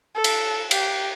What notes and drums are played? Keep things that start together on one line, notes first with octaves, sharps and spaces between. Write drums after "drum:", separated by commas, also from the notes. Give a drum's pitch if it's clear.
A4
drum: cymbal
G4, drum: cymbal